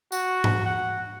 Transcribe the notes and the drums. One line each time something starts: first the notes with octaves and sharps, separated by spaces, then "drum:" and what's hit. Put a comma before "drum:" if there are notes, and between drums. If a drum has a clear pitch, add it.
F#4, drum: tambourine
drum: tom G#2
F#5